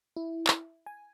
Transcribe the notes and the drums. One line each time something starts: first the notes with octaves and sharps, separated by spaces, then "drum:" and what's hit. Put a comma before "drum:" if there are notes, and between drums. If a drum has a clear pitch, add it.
E4
drum: clap
G#5